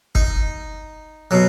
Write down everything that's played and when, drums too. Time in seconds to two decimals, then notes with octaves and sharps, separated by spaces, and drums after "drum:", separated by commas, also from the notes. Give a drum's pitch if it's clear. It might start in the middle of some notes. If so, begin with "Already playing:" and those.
0.15 D#4, drum: kick F#1
1.31 B2 F#3